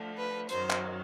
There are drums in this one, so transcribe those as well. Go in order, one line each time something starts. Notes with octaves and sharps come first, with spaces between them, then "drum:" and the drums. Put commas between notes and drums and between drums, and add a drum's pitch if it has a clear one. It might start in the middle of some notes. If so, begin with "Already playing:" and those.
Already playing: D3 F3 A3
B4
F#2 D#3 F#3 C5, drum: hi-hat
drum: clap